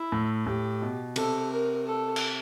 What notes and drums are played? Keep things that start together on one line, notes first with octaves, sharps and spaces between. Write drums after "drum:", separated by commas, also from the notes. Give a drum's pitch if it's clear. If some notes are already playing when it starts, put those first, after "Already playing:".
Already playing: E4
A2
A2 G4
B2
C3 A4, drum: cymbal
A#4
A4
drum: cymbal